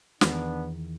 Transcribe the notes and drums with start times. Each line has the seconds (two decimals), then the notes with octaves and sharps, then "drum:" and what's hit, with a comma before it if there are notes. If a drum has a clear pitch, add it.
0.21 E2 D#3 B3 D4, drum: snare